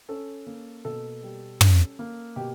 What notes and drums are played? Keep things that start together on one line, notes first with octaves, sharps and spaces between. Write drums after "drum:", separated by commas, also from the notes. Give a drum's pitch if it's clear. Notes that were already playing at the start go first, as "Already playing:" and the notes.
C#4 A4
A#3
B2 A4
G3
C#4, drum: tom
A#3
B2 G4